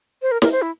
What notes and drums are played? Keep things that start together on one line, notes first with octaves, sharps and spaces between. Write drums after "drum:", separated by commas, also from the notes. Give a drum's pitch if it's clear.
C5
A#4
A#4, drum: snare
C5
E4